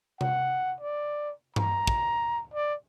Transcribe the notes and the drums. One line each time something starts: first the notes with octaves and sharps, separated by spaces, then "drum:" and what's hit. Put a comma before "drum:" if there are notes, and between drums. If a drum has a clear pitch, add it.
F#5, drum: tom C3
D5
A#5, drum: tom G2
drum: kick
D5